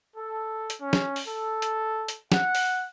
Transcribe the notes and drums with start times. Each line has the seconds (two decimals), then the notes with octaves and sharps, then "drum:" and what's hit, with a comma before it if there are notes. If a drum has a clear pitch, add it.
0.17 A4
0.70 drum: hi-hat
0.80 C#4
0.93 drum: snare
1.16 drum: open hi-hat
1.27 A4
1.62 drum: hi-hat
2.08 drum: hi-hat
2.32 F#5, drum: snare
2.55 drum: open hi-hat